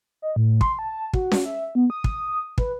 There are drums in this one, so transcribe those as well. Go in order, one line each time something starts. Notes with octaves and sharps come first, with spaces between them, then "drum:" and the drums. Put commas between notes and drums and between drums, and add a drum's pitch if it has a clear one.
D#5
A2
C6, drum: kick
A5
F#4, drum: kick
drum: snare C#4
E5
B3
D#6
drum: kick
B4, drum: kick